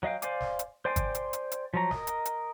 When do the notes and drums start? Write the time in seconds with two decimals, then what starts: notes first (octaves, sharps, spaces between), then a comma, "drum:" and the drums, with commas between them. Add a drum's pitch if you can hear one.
0.03 F#3 D#5 F5 G5
0.22 C5 D5 F5 G#5 D6, drum: hi-hat
0.41 drum: snare
0.59 drum: hi-hat
0.85 C5 D5 G5 G#5 C6
0.96 drum: kick, hi-hat
1.15 drum: hi-hat
1.33 drum: hi-hat
1.52 drum: hi-hat
1.74 F3 F#3 A#5
1.91 A#4 D#5, drum: snare
2.07 drum: hi-hat
2.25 drum: hi-hat